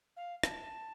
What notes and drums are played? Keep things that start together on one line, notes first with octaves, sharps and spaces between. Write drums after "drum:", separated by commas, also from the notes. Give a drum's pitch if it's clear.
F5
A5, drum: rim click